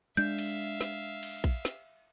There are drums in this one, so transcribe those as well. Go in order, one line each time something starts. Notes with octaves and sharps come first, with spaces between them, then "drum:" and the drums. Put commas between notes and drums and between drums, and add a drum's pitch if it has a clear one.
G#3 D4 E5 F5 G6
drum: cymbal
drum: snare
drum: cymbal
drum: kick A#1
drum: snare